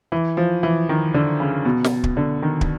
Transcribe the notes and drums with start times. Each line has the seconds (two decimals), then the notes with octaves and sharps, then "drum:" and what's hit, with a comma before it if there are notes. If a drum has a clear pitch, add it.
0.12 E3
0.37 F3
0.63 E3
0.89 D#3
1.14 D3
1.40 C#3
1.65 B2
1.84 drum: snare
2.04 drum: kick
2.17 D3
2.42 D#3
2.61 drum: kick